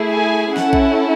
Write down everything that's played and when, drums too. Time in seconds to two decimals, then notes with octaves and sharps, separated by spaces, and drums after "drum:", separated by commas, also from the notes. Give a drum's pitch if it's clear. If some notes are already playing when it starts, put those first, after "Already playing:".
Already playing: A3 E4 G#4
0.10 G#5
0.57 C#4 E4 A4 F#5, drum: snare
0.73 drum: kick A#1